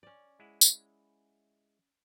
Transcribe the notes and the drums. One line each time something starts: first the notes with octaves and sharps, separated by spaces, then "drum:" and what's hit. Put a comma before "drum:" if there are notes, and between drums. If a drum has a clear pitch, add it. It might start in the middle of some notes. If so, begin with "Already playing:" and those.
C#4 D5
G#3 E4 F#5
drum: tambourine